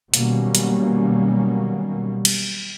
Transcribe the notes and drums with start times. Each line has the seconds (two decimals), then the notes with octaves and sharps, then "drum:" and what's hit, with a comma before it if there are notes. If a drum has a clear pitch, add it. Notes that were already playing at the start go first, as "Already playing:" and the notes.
0.14 B2 D#3 F#3 G3 A#3 C#4, drum: hi-hat
0.55 drum: hi-hat
2.25 drum: cymbal